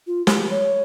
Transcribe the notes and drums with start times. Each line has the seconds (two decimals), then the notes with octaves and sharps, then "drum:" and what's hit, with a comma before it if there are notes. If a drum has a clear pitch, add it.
0.07 F4
0.27 G4, drum: snare
0.51 C#5